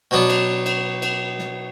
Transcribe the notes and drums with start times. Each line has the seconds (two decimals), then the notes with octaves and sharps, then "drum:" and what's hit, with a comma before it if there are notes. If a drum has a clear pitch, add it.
0.11 B2 F#3 B3 D4
0.29 drum: cymbal
0.66 drum: cymbal
1.02 drum: cymbal
1.39 drum: snare